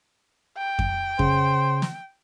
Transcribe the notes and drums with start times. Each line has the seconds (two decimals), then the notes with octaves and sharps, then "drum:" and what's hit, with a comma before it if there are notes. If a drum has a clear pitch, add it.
0.58 G5
0.79 drum: kick F2
1.19 C#3 C5, drum: kick F2
1.82 drum: snare